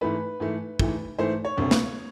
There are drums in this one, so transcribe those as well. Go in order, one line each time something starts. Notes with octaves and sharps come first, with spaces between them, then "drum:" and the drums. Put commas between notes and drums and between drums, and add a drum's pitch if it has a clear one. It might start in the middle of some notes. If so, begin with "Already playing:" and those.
G#2 E3 A3 B4
G#2 E3 A3
G#2 E3 A3, drum: kick
G#2 E3 A3 C5
C#5
E1 D2 C3
drum: snare